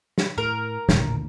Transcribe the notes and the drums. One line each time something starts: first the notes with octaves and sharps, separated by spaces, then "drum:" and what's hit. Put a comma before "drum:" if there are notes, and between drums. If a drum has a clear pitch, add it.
drum: snare
A2 A#4
A#1 D#2 A2 D3, drum: snare